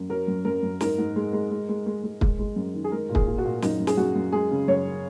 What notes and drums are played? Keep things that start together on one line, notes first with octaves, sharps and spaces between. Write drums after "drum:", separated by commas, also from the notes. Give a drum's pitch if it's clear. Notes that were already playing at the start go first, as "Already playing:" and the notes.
Already playing: F#2
F#3 A#4
F#2
F#2 A#4
F#2
G#2 A#4, drum: snare
G#2
G#3
G#3
G#3
G#3
G#3
G#3
G#3, drum: kick
G#3
F#2
D#3
G#4
G#3 A#4
A#2
G#4, drum: kick
A#2
F#4
A#2
F#2 D#4, drum: snare
F#2
G#4, drum: snare
F#2 F#4
F#2
G#3 G#4
C#3
F#2 C#5